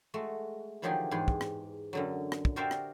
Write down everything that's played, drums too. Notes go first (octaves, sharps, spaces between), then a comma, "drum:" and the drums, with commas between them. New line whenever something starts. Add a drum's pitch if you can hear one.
G#3 A3 F#4
D3 D#3 F3 F#3 G4 G#4
E2 G#2 G4 G#4
drum: kick
drum: rim click
F#2 D3 F#3
drum: rim click
drum: kick
F#4 G4 A#4 C5 D5 E5
drum: rim click